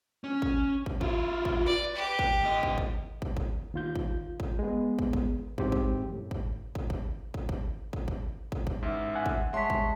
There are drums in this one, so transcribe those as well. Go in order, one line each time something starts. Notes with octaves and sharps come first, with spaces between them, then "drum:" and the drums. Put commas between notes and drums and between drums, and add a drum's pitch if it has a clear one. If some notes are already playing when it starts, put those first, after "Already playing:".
C#4
drum: kick
drum: kick
E4 F4, drum: kick
drum: kick
B4 D5
G4
drum: kick
A2 D#5
drum: kick
drum: kick
drum: kick
drum: kick
D#2 F4 G6
drum: kick
drum: kick
G#3 B3
drum: kick
drum: kick
G#2 E3 C4 G4, drum: kick
drum: kick
F#2 A2
drum: kick
drum: kick
drum: kick
drum: kick
drum: kick
drum: kick
drum: kick
drum: kick
drum: kick
A1 G#2 E5
F#5 G#5
drum: kick
G#3 C#5 E5 A5 C6 B6
drum: kick